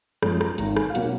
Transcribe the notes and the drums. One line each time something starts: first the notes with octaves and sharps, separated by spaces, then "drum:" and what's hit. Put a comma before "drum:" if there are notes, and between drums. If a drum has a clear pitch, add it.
F#2 F3 G#3, drum: rim click
A#5, drum: rim click
G#1 G#2 D#3 A#5, drum: hi-hat
G#5, drum: rim click
F5
B2 F#3 A#3 C#4 F#5, drum: hi-hat